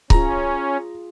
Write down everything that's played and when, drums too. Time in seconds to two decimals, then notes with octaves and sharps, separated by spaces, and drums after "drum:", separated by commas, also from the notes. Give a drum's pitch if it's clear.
0.10 C#4 F4 G#4 A#5, drum: kick C#1